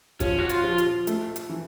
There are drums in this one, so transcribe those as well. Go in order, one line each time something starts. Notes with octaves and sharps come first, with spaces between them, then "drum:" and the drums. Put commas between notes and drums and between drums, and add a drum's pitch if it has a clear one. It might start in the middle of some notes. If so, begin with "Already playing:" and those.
F3 C#4, drum: kick, hi-hat
F#4
F4, drum: hi-hat
F3
drum: hi-hat
A3, drum: hi-hat
drum: hi-hat
E3